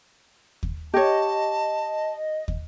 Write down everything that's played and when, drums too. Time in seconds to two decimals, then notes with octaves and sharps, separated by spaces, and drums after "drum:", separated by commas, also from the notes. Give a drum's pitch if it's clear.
0.63 drum: kick
0.94 G4 C#5 D#5 A5
2.48 drum: kick